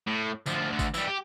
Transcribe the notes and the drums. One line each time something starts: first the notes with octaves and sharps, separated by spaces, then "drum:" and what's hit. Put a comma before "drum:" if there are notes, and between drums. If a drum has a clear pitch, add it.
A2
D2 F3, drum: tambourine
D2 D3
drum: kick G#1, tambourine
E3 G3, drum: tambourine
G4